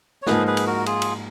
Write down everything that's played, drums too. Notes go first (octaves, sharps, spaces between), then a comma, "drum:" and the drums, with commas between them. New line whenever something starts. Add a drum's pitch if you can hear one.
C#5
G#2 F3 A#3 D#4 G#4 B4, drum: snare
G#4 B4
drum: cymbal
F#4 A#4
F4 G#4, drum: cymbal
drum: cymbal